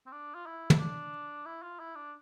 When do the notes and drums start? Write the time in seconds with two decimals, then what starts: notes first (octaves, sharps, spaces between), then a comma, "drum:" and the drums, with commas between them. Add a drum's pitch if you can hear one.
0.06 C4
0.12 D4
0.35 F4
0.46 E4
0.70 drum: tom
0.79 D4
1.46 E4
1.63 F4
1.80 E4
1.95 D4